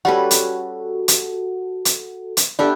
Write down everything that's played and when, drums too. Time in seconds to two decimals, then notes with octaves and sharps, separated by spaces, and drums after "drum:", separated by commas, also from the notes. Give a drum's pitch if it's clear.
0.05 G3 C#4 F#4 A4 B4
0.31 drum: hi-hat
1.08 drum: hi-hat
1.85 drum: hi-hat
2.37 drum: hi-hat
2.59 B3 D4 G4 A4 E5